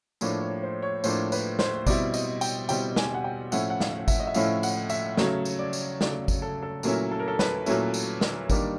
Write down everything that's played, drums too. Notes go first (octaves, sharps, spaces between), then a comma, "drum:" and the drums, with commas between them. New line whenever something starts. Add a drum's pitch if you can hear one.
A2 F3 A#3 D4 C#5, drum: tambourine
C#5
C5
C#5
A2 F3 A#3 D4 C5, drum: tambourine
B4, drum: tambourine
C5, drum: snare
B2 G3 C4 E4 D5, drum: kick G#1, tambourine
D#5, drum: tambourine
G5, drum: tambourine
B2 G3 C4 E4 G5, drum: tambourine
G#5, drum: snare
F#5
G5
A2 F3 A3 C#4 E4 F#5, drum: tambourine
F#5
F5, drum: snare
E5, drum: kick G#1, tambourine
D#5
E5
A2 F3 A3 C#4 E4 F5, drum: tambourine
F#5, drum: tambourine
E5, drum: tambourine
C#3 F#3 A3 C#5, drum: snare
drum: tambourine
D5
drum: tambourine
C#3 F#3 A3 D5, drum: snare
drum: kick G#1, tambourine
A4
A4
A#2 F#3 A3 C#4 E4 A#4, drum: tambourine
A4
A#4
A4
B4, drum: snare
A#2 F#3 A3 C#4 E4, drum: tambourine
drum: tambourine
drum: snare
D#3 G3 A#3 D4, drum: kick G#1, tambourine